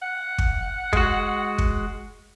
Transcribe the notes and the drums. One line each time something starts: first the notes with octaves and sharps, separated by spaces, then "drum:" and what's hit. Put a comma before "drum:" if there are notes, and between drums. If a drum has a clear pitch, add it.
F#5
drum: kick
G#3 F#4, drum: kick
drum: kick